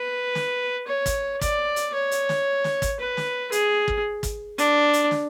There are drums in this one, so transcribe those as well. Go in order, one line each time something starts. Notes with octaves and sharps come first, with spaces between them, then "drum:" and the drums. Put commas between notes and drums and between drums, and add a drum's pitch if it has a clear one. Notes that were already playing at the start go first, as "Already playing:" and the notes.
Already playing: B4
drum: snare
C#5
drum: kick, hi-hat
D5, drum: kick, hi-hat
drum: hi-hat
C#5
drum: hi-hat
drum: snare
drum: snare
drum: kick, hi-hat
B4
drum: snare
G#4, drum: hi-hat
drum: kick
drum: kick, hi-hat
D4, drum: hi-hat
drum: hi-hat
drum: snare